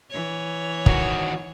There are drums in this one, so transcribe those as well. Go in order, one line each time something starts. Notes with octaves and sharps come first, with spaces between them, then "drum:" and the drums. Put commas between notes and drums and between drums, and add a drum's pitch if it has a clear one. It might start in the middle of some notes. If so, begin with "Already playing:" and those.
E3 C#5
D#3 F#4, drum: kick